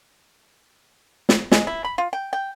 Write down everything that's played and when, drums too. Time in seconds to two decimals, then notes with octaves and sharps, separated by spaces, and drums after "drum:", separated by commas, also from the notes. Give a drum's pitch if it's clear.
1.29 drum: snare
1.52 G#3, drum: snare
1.67 E4
1.85 B5
1.98 F4
2.13 G5
2.33 G5